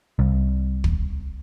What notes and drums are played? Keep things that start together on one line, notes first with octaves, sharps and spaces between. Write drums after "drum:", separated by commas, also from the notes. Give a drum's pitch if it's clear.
C2
drum: kick